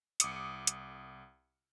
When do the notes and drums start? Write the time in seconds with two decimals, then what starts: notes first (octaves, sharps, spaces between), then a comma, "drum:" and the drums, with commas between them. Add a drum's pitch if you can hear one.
0.20 C2 D6 D#6 C#7, drum: hi-hat
0.67 drum: hi-hat